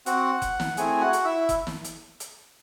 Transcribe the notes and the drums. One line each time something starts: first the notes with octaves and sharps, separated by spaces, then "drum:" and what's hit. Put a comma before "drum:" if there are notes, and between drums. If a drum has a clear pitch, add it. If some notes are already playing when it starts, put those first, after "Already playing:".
C4 F#4 F#5, drum: hi-hat
drum: kick F1, hi-hat
drum: snare
A3 C4 E4 G#4 G#5, drum: hi-hat
F#4 F#5
drum: hi-hat
E4 E5
drum: kick F1, hi-hat
drum: snare
drum: hi-hat
drum: hi-hat